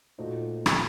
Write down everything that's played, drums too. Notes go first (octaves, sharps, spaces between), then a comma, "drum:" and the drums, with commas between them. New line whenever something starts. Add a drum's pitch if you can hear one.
A#2 A3 D#4 F#4 C5
drum: rim click